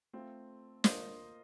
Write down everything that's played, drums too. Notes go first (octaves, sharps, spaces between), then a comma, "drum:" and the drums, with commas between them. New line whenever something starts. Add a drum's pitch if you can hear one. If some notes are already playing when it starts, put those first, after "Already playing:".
A3 C4 F4
A#3 F4 C5 D#5, drum: snare